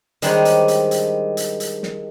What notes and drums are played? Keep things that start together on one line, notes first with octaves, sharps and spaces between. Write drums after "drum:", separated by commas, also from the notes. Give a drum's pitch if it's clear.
D#3 G3 G#3 D4 C5 C#5, drum: hi-hat
drum: hi-hat
drum: hi-hat
drum: hi-hat
drum: hi-hat
drum: hi-hat
drum: snare